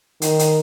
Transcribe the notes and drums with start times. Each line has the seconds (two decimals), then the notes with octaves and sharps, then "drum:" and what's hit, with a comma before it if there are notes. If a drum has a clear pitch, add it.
0.22 D#3, drum: hi-hat
0.39 drum: hi-hat